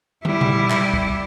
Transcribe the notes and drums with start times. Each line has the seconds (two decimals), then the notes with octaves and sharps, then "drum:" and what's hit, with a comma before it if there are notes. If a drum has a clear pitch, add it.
0.25 G3 E4, drum: tom
0.41 drum: tom A#2
0.70 drum: clap
0.94 drum: kick